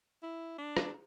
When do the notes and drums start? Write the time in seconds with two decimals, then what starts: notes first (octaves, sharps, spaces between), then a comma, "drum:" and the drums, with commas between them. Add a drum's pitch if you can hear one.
0.23 E4
0.58 D4
0.77 drum: rim click